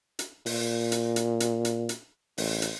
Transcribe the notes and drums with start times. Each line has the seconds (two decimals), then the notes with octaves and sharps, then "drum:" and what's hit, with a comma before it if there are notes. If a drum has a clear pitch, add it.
0.19 drum: hi-hat
0.46 A#2, drum: open hi-hat
0.92 drum: hi-hat
1.16 drum: hi-hat
1.40 drum: hi-hat
1.65 drum: hi-hat
1.89 drum: hi-hat
2.38 A1, drum: open hi-hat
2.62 drum: hi-hat